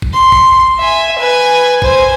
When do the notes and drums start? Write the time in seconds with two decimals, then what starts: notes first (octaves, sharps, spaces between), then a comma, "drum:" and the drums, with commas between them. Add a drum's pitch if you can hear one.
0.02 drum: kick
0.14 C6
0.32 drum: kick
0.79 E5 G#5
1.19 B4 G#5
1.82 C5 G#5, drum: kick